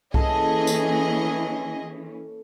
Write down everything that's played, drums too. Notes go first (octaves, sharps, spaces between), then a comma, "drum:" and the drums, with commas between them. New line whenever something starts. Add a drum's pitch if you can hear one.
E3 A#3 C#4 G#4 A4 D#5, drum: kick C2
drum: tambourine